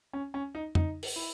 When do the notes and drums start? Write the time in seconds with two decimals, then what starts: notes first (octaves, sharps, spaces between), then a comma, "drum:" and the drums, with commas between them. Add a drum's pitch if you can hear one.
0.13 C#4
0.34 C#4
0.55 D#4
0.75 D#4, drum: tom F2
1.03 drum: open hi-hat
1.16 E4